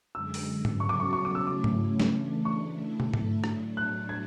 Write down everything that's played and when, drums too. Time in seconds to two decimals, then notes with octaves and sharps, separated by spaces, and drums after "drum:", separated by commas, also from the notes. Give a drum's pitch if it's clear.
0.15 F#2 D3 G#3 E6
0.34 drum: open hi-hat
0.65 drum: tom G#2
0.80 C#3 F#3 C#4 F#4 A4 C#6
0.89 D6
1.00 C#6
1.13 C#6
1.25 D6
1.35 E6
1.46 C#3 F#3 A3 C#4 E4 D6
1.64 drum: tom G#2
2.00 drum: snare
2.12 C#3 E3 A3 D4
2.45 C#6
2.78 D3 A3 E4 A4
3.00 drum: tom
3.13 drum: tom G#2
3.44 A2 F#3 A3 D4, drum: rim click
3.77 F#6
4.09 G#6